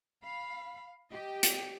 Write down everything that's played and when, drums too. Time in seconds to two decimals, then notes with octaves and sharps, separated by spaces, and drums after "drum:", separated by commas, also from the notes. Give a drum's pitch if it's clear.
0.24 F5 B5
1.11 G4 D#5 G5
1.43 drum: hi-hat